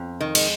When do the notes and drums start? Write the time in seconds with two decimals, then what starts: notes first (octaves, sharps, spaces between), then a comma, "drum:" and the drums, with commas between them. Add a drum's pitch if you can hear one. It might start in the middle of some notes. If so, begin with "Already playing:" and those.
Already playing: F2
0.21 D#3
0.35 G#3, drum: cymbal